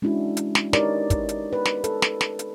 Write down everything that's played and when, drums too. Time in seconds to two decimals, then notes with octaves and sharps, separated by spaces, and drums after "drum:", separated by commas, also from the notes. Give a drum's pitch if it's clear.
0.02 G#3 C#4 D4 E4 F#4
0.37 drum: hi-hat
0.55 drum: snare
0.73 D#4 G4 A#4 B4 C#5 D5, drum: snare
1.10 drum: kick, hi-hat
1.29 drum: hi-hat
1.53 B4
1.65 drum: snare
1.84 A4, drum: hi-hat
2.02 drum: snare
2.21 drum: snare
2.39 drum: hi-hat